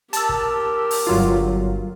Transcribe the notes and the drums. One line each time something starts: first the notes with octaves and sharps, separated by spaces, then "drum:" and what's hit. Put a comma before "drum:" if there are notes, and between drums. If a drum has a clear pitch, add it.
G4 A#4 A5 E6, drum: hi-hat
drum: kick
drum: open hi-hat
G1 F#3 F4